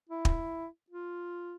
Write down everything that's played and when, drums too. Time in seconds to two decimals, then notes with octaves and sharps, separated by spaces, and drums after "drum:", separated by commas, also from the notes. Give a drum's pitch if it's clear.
0.09 E4
0.25 drum: kick
0.90 F4